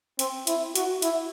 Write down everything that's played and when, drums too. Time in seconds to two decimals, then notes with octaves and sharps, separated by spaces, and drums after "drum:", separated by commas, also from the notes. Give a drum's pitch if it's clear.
0.19 C4, drum: hi-hat
0.47 E4, drum: hi-hat
0.75 F#4, drum: hi-hat
1.02 E4, drum: hi-hat